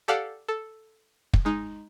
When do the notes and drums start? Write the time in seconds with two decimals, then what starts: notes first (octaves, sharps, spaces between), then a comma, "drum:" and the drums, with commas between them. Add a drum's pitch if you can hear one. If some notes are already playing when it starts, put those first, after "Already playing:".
0.08 G4 A4 D5 F5 F#5
0.49 A4
1.33 drum: kick
1.45 G#3 D#4